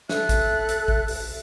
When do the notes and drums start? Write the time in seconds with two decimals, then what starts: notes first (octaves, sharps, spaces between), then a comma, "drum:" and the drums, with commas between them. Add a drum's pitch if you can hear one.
0.09 A4 E5 F#6, drum: snare
0.29 drum: kick A1, hi-hat
0.69 drum: hi-hat
0.88 drum: kick A1
1.08 drum: open hi-hat